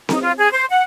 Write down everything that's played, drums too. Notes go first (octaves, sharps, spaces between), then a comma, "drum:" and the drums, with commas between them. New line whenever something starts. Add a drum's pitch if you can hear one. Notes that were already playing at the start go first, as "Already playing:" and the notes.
D#4, drum: snare C4
F4
G#4
C5
F#5